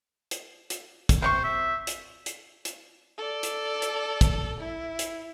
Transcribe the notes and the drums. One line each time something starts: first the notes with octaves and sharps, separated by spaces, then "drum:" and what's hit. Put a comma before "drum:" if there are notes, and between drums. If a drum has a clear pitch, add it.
drum: hi-hat
drum: hi-hat
drum: kick, hi-hat
C3 D4 C5 C#6
E5
drum: hi-hat
drum: hi-hat
drum: hi-hat
A4 D5
drum: hi-hat
drum: hi-hat
drum: kick, hi-hat
E4
drum: hi-hat